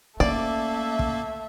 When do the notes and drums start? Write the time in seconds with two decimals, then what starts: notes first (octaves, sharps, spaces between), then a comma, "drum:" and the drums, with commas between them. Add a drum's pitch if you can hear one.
0.20 A3 A#3 C#4 D5 E5, drum: kick
0.99 drum: kick